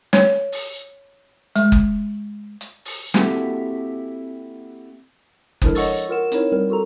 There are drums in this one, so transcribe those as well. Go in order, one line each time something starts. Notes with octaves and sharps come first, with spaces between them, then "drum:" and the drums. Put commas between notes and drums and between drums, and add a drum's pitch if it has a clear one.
C#5, drum: snare
drum: open hi-hat
G#3, drum: hi-hat
drum: kick F#1
drum: hi-hat
drum: open hi-hat
A#3 C4 E4 F#4 G4 A4, drum: snare
F3 G#3 D4 E4 A4 A#4, drum: kick F#1
C#5 D#5 F#5 C#6 E6 A6, drum: open hi-hat
F4 A#4 F#5 E7
C4 D#4 E4 A#4 C#5, drum: hi-hat
G3 C4 A#4
F4 F#4 A4 A#5